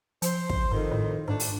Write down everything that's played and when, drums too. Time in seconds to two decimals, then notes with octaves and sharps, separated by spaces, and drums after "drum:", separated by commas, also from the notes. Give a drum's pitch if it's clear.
0.22 F3 C5, drum: hi-hat
0.49 drum: kick
0.71 F2 G#2 D#3
0.91 A2
1.28 G#2 A3 D4
1.40 drum: open hi-hat